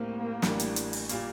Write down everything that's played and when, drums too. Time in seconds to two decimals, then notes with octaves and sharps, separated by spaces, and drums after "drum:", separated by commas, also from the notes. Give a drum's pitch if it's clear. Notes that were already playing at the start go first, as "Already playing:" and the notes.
Already playing: A2 G3 A#3 C4 G4
0.42 A1 A2 G3 D4 G4, drum: snare
0.60 drum: hi-hat
0.76 drum: hi-hat
0.93 drum: open hi-hat
1.09 A#2 G3 A#3, drum: hi-hat